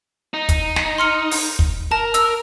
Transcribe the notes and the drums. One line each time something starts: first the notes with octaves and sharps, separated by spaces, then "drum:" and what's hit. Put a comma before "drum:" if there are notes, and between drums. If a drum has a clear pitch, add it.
D#4
drum: kick, hi-hat
drum: snare
C6 F6 C#7
drum: open hi-hat
drum: kick
A#4 A5
E6, drum: hi-hat